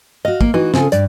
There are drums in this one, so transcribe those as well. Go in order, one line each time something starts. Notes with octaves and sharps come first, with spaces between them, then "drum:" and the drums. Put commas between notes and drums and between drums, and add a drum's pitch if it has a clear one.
F#4 D#5 F5
A#3, drum: kick
E3 D#4 F#4
C#3 C4 F4 G#4 A4, drum: snare
G2 D5, drum: hi-hat